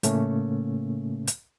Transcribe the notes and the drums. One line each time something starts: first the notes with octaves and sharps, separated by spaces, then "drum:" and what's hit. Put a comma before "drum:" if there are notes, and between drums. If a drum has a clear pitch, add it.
A2 C#3 A3 A#3 C#4, drum: hi-hat
drum: hi-hat